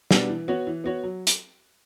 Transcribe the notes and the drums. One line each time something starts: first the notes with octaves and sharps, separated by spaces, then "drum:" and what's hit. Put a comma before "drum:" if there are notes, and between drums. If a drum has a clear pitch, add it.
B2 G3 B3 D4, drum: snare
E3
B3 F#4 C#5
E3
B3 F#4 C#5
F#3
drum: hi-hat